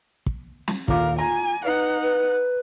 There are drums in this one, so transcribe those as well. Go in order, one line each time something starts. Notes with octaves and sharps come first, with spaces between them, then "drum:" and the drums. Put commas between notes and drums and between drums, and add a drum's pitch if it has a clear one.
drum: kick
drum: snare
D#1 F4 A#4 F5 D6, drum: kick
F4 G#5 A#5
D#4 B4 F#5
B4